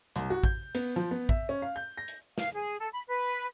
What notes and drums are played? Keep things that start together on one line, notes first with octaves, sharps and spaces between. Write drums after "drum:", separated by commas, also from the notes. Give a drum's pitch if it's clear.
C2, drum: hi-hat
F#4
G6, drum: kick A1
B3, drum: cymbal
F3
B3
E5, drum: kick A1
C#4
F5
G6
A#6
drum: hi-hat
F5, drum: snare
G#4
A4
B5
B4